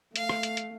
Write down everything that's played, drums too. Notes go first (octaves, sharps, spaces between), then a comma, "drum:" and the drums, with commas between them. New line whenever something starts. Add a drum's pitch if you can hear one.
A3 F5, drum: hi-hat
drum: rim click
drum: hi-hat
drum: hi-hat